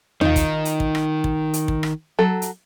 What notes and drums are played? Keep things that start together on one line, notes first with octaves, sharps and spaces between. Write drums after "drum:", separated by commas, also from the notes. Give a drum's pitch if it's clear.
D#3 D#4 F4, drum: tom
drum: kick, hi-hat
drum: hi-hat
drum: kick
drum: rim click
drum: kick
drum: hi-hat
drum: kick
drum: rim click
F#3 A4
drum: hi-hat